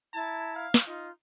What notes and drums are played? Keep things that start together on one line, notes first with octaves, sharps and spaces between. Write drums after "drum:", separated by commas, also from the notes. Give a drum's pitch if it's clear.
E4 A5 A#5 G#6
F5
drum: snare
D#4 F4